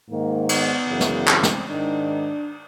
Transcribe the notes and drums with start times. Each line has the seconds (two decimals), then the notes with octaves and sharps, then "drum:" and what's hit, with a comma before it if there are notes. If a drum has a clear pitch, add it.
0.08 G#2 D#3 A#3
0.49 B3, drum: cymbal
0.88 F#2 C#3 E3
1.00 drum: snare
1.28 C4, drum: clap
1.43 drum: snare
1.68 G#2 D#3 D4